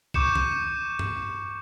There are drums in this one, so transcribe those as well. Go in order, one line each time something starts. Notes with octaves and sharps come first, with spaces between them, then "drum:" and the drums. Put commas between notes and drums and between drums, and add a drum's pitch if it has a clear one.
C#6 D6 G6 C#7 E7, drum: kick
drum: tom D#3
drum: tom G2